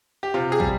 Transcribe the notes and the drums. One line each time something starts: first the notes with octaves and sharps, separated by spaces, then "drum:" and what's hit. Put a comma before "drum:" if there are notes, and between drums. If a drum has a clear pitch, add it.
G4
C3 F4
G#4
G3, drum: kick